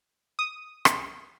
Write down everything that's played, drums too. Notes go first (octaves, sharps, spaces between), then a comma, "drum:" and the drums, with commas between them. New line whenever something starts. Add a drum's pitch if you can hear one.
D#6
drum: rim click